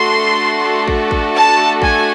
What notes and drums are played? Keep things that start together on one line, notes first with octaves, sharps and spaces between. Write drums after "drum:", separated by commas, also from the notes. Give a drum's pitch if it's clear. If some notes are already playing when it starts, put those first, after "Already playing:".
Already playing: A3 D4 F#4 A4 C6
drum: kick
drum: kick
A5
G#5, drum: kick